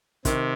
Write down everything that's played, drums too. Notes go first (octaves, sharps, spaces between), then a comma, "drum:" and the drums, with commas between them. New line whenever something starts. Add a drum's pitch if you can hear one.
C3 D#3, drum: kick, hi-hat